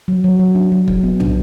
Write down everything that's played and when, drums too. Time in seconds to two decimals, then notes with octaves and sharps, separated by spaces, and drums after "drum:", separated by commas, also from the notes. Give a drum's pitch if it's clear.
0.08 F#3
0.24 F#3
0.40 F#3
0.55 D4
0.72 F#3
0.88 F#3, drum: kick
1.03 B3
1.20 D4, drum: tom